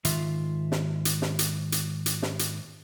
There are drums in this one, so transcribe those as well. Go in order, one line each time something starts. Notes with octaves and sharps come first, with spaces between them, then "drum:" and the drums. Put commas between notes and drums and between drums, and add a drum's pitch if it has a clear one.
G#2 D#3 F4 E5, drum: hi-hat
drum: snare
drum: hi-hat
drum: snare
drum: hi-hat
drum: hi-hat
drum: hi-hat
drum: snare
drum: hi-hat